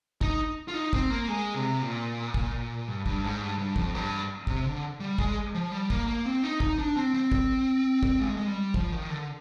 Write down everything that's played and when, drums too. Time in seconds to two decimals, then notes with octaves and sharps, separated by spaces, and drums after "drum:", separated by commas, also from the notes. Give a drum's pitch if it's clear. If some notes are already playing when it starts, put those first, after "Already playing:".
0.21 D#4, drum: kick
0.68 F4
0.74 D#4
0.93 C4, drum: kick
1.10 A#3
1.28 G#3
1.54 C3
1.82 A#2
2.34 drum: kick
2.88 G2
3.06 G2, drum: kick
3.24 G#2
3.42 G2
3.58 G2
3.76 F2, drum: kick
3.95 G2
4.47 C3, drum: kick
4.65 D3
5.00 G3
5.18 G#3, drum: kick
5.54 F3
5.72 G3
5.90 A#3, drum: kick
6.07 A#3
6.26 C4
6.43 D#4
6.60 D#4, drum: kick
6.79 D4
6.96 C4
7.14 C4
7.32 drum: kick
8.03 drum: kick
8.20 G#3
8.37 G#3
8.47 G3
8.74 F3, drum: kick
8.92 D#3
9.10 D3